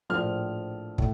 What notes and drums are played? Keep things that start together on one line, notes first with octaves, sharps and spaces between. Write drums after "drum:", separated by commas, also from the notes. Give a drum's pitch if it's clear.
A#1 A2 F3 F6
A2, drum: kick